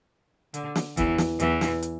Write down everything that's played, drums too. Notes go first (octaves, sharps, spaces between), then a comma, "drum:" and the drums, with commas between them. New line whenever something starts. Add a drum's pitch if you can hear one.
D3, drum: hi-hat
drum: snare
E2 E3, drum: kick, hi-hat
drum: snare
E2 E3, drum: hi-hat
drum: snare
drum: hi-hat